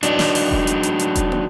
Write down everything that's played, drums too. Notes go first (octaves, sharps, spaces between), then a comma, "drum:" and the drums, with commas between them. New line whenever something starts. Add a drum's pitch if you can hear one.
F#3 D4 D#4, drum: hi-hat
drum: snare
drum: open hi-hat
drum: kick E1
drum: hi-hat
drum: hi-hat
drum: hi-hat
drum: kick E1, hi-hat
drum: tom